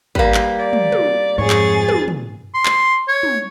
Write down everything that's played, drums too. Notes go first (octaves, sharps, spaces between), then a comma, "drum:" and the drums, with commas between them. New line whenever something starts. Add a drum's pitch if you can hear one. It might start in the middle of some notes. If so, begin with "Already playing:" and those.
G3 A#3 B4, drum: kick
drum: clap
D5
drum: tom
drum: tom
F2 G#2 G#4 C#5 A6
drum: clap
drum: tom
drum: tom
C6
drum: clap
C#5
drum: tom